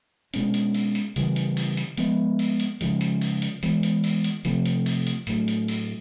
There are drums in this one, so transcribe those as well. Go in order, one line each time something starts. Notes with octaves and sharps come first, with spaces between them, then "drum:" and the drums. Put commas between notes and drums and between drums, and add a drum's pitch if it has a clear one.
B2 G#3 C#4, drum: hi-hat
drum: hi-hat
drum: open hi-hat
drum: hi-hat
C#3 E3 G3, drum: hi-hat
drum: hi-hat
drum: open hi-hat
drum: hi-hat
F3 G#3 B3, drum: hi-hat
drum: open hi-hat
drum: hi-hat
C#3 F3 G#3, drum: hi-hat
drum: hi-hat
drum: open hi-hat
drum: hi-hat
E3 G#3 B3, drum: hi-hat
drum: hi-hat
drum: open hi-hat
drum: hi-hat
C3 F3 A3, drum: hi-hat
drum: hi-hat
drum: open hi-hat
drum: hi-hat
A2 F#3 A3, drum: hi-hat
drum: hi-hat
drum: open hi-hat